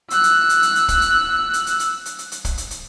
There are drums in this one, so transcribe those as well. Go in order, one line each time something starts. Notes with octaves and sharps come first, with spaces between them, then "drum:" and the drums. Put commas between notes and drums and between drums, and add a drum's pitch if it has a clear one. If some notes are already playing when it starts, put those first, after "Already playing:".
E6 F#6, drum: hi-hat
drum: hi-hat
drum: hi-hat
drum: hi-hat
drum: hi-hat
drum: kick, hi-hat
drum: hi-hat
drum: hi-hat
drum: hi-hat
drum: hi-hat
drum: hi-hat
drum: hi-hat
drum: hi-hat
drum: kick, hi-hat
drum: hi-hat
drum: hi-hat